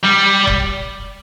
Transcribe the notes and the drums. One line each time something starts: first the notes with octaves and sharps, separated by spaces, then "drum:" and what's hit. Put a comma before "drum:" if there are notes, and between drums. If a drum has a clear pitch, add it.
G3
drum: kick E1